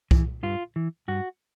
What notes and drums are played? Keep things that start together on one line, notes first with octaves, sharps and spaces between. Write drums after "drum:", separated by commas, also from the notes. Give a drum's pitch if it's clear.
E3, drum: kick C2
G2 F4
E3
G2 F#4